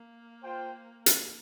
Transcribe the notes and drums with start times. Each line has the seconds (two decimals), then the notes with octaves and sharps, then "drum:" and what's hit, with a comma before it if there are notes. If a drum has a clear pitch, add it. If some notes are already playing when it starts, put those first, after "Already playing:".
Already playing: A#3
0.42 F4 C5 G5
1.06 drum: hi-hat